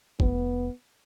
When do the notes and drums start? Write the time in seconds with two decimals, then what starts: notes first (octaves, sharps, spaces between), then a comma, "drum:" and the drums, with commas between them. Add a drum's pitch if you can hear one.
0.20 F1 B3, drum: kick